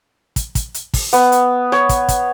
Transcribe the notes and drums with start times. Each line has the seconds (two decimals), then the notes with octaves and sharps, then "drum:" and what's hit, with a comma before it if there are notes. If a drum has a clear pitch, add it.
0.36 drum: kick, hi-hat
0.55 drum: kick, hi-hat
0.74 drum: hi-hat
0.94 drum: kick, open hi-hat
1.13 B3, drum: hi-hat
1.32 drum: hi-hat
1.72 C#5, drum: rim click
1.89 drum: kick, hi-hat
2.08 drum: kick, hi-hat